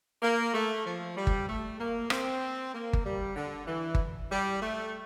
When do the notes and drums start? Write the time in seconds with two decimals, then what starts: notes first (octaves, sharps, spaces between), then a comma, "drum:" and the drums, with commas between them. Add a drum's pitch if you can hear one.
0.23 A#3
0.54 A3
0.86 F3
1.16 G3
1.27 drum: kick G1
1.49 A3
1.79 A#3
2.10 C4, drum: rim click
2.74 A#3
2.93 drum: kick G1
3.05 G3
3.36 D3
3.67 E3
3.95 drum: kick G1
4.31 G3
4.61 A3